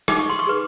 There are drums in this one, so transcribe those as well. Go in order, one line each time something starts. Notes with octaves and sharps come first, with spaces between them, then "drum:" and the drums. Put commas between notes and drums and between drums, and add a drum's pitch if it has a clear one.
D#4 D6, drum: rim click
C#6
C6
C#6
G#4 B4